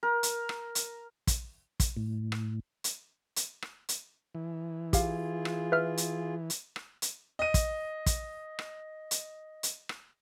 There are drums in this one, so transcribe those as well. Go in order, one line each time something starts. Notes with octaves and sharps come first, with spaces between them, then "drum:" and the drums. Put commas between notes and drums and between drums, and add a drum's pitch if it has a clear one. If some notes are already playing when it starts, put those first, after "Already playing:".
A#4
drum: hi-hat
drum: rim click
drum: hi-hat
drum: kick, hi-hat
drum: kick, hi-hat
A2
drum: rim click
drum: hi-hat
drum: hi-hat
drum: rim click
drum: hi-hat
E3
F4 G4 G#4 F5, drum: kick, hi-hat
drum: rim click
B4 E5 F6
drum: hi-hat
drum: hi-hat
drum: rim click
drum: hi-hat
D#5 D#7
drum: kick, hi-hat
drum: kick, hi-hat
drum: rim click
drum: hi-hat
drum: hi-hat
drum: rim click